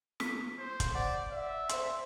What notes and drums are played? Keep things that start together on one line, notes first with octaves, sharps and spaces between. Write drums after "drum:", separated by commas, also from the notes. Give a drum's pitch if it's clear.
B6, drum: snare
C5
drum: kick, hi-hat
D5 F#5
D5 E5
C5 C6, drum: hi-hat